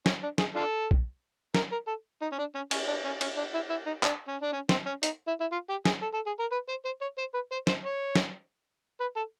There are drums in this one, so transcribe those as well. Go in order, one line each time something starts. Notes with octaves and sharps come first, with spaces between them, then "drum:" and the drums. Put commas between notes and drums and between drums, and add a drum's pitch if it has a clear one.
C#4, drum: snare
D4
G#4, drum: snare
D4 F4 A4
drum: kick
A#4, drum: snare
A#4
A4
D#4
C#4
D4
C#4
C#4, drum: cymbal
D4
C#4
C#4, drum: cymbal
D4
E4
E4
D#4
D4, drum: clap
C#4
D4
C#4
C4, drum: snare
C#4
D#4, drum: hi-hat
E4
E4
F4
G4
G#4, drum: snare
A4
A4
G#4
A#4
B4
C5
C5
C#5
C5
B4
C5
C5, drum: snare
C#5
drum: snare
B4
A4